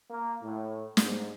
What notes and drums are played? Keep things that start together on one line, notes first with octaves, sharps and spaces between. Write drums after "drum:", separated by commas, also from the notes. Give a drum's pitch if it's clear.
A#3
A2
G#2, drum: snare